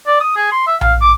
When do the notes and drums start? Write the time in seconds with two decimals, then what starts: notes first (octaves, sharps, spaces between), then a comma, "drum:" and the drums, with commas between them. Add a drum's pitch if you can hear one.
0.07 D5
0.20 D#6
0.37 G#4
0.52 C6
0.67 E5
0.81 F5, drum: tom A#1
1.01 D6